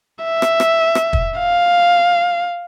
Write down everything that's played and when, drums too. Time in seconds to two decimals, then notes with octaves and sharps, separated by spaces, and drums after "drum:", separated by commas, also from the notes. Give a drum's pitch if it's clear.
0.24 E5
0.42 drum: rim click
0.60 drum: rim click
0.95 drum: rim click
1.13 drum: kick
1.40 F5